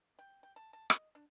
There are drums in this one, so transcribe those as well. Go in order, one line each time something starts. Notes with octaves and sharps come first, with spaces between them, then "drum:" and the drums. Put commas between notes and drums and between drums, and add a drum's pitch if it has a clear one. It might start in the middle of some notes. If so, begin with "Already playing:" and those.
G5
G5
A5
A5
D#5, drum: rim click
D4